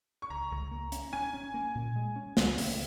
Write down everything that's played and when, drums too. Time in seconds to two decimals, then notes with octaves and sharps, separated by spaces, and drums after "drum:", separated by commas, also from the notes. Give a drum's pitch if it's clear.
0.22 C#6
0.30 C#2 A#5
0.51 C#2
0.71 A#3
0.92 C#4, drum: hi-hat
1.13 C#4 G#5
1.34 C#4
1.54 A#3
1.75 A#2
1.96 G#3
2.16 C#4
2.37 C#2, drum: snare
2.58 C#2, drum: open hi-hat